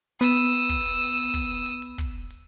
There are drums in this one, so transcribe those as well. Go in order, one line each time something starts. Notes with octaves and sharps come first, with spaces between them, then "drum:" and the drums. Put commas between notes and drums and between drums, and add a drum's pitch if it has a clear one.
B3 D#6 E6
drum: hi-hat
drum: hi-hat
drum: kick, hi-hat
drum: hi-hat
drum: hi-hat
drum: kick, hi-hat
drum: hi-hat
drum: hi-hat
drum: kick, hi-hat
drum: hi-hat